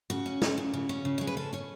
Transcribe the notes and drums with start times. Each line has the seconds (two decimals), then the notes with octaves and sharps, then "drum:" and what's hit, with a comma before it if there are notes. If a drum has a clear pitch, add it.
0.10 C#3 F#4
0.26 C#4
0.42 G#3, drum: snare
0.58 C#3
0.73 C#3
0.89 C#4
1.05 C#3
1.18 G#3 C#5
1.27 B4
1.37 C#4 A4
1.53 C#4 C#5